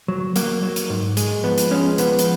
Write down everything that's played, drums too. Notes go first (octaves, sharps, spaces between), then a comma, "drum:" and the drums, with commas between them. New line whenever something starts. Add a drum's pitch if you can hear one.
F#3
F#3 A#3, drum: hi-hat
F#3
drum: hi-hat
G#2
G#3, drum: hi-hat
F3 B3
drum: hi-hat
G#3 C#4
F3 B3, drum: hi-hat
drum: hi-hat